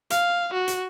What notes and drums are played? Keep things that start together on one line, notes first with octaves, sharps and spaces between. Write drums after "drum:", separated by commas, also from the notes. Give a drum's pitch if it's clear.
F5, drum: hi-hat
F#4
drum: hi-hat